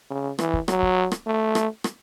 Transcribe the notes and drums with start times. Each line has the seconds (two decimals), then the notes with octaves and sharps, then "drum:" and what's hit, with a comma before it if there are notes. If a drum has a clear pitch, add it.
0.10 C#3
0.39 E3, drum: rim click
0.53 drum: kick
0.68 F#3, drum: rim click
0.82 drum: kick
1.12 drum: rim click
1.27 A3
1.55 drum: rim click
1.84 drum: rim click